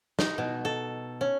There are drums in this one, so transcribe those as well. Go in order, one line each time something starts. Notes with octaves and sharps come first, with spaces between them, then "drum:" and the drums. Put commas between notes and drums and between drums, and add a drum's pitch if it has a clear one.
D#4, drum: snare
B2
A4
C#4